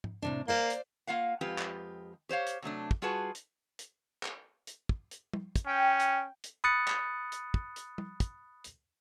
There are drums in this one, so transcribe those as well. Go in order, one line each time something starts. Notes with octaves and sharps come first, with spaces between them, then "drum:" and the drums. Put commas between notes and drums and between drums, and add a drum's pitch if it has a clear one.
drum: tom G#2
A2 C3 D4
A#3 C5 D5 F5
drum: hi-hat
A#3 F4 F5 F#5
F2 G#3 F4 G4 B4
drum: clap
G4 C5 C#5 F5
drum: hi-hat
C3 F#3 A3 D4
drum: kick
G3 F4 F#4 G#4 B4 A5
drum: hi-hat
drum: hi-hat
drum: clap
drum: hi-hat
drum: kick
drum: hi-hat
drum: tom
drum: kick, hi-hat
C#4 G5
drum: hi-hat
drum: hi-hat
B5 D#6 F#6 A6 C#7
drum: clap
drum: hi-hat
drum: kick
drum: hi-hat
drum: tom
drum: kick, hi-hat
drum: hi-hat